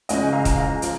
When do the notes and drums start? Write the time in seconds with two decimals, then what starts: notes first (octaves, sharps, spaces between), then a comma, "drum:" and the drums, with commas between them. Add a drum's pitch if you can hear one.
0.09 C#2 C#3 F3 D#5 G#5, drum: hi-hat
0.33 F5 A#5
0.45 drum: kick D#1, hi-hat
0.57 F5 A#5
0.82 F3, drum: hi-hat